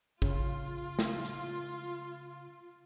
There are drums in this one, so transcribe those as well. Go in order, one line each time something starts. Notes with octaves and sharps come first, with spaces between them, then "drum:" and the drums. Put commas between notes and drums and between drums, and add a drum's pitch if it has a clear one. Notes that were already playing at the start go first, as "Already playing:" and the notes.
C#3 F4, drum: kick
drum: snare
drum: hi-hat